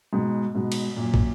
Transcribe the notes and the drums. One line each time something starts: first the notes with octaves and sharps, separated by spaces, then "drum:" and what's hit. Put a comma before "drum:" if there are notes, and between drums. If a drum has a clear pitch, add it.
G#2 B2
G#2 B2
drum: cymbal
F#2 A#2
drum: kick